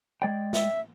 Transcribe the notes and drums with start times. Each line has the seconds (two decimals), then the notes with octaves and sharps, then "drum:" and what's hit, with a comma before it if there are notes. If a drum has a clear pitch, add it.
0.22 G#3 D5 G5
0.53 E5, drum: snare